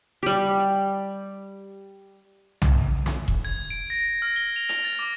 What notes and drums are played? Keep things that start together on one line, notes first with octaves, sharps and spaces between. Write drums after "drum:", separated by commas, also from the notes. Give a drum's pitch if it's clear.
G3 G4
drum: tom B1
drum: snare
drum: kick E1
G#6
D7
A#6
F6
G7
F7
F7, drum: hi-hat
A6
D6